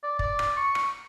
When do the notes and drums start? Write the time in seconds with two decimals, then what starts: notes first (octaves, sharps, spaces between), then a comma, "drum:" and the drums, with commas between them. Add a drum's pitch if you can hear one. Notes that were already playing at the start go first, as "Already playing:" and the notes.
0.03 D5
0.19 D5, drum: kick
0.39 drum: rim click
0.57 C#6
0.75 drum: rim click